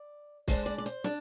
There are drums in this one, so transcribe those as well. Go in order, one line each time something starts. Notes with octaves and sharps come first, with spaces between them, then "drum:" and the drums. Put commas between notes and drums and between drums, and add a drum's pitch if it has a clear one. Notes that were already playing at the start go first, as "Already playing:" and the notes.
Already playing: D5
D3 G#3 D4 C5, drum: kick, open hi-hat
D5
D5
C5, drum: hi-hat
D4, drum: snare